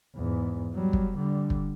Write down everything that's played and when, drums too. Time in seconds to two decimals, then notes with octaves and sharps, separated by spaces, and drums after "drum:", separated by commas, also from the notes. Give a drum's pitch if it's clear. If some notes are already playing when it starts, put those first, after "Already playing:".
0.16 E2 G#2
0.74 F#3 G3
0.93 drum: kick
1.17 D3 G3
1.50 drum: kick